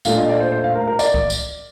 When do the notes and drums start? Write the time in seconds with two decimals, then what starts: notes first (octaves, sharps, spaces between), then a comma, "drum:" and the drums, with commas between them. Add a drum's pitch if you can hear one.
0.05 A#2 A3 D4 F4 F5, drum: tambourine
0.17 D#5
0.29 D5
0.40 C5
0.52 C5
0.64 F5
0.76 A#4
0.88 A#4
0.99 D5, drum: tambourine
1.14 drum: kick C2
1.30 drum: tambourine